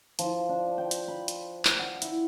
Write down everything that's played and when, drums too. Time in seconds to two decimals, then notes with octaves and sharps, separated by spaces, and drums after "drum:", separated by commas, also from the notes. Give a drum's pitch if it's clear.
0.19 F3, drum: hi-hat
0.49 D4
0.78 G5
0.91 drum: hi-hat
1.08 B5
1.28 drum: hi-hat
1.65 drum: clap
1.79 F#5
2.02 E4, drum: hi-hat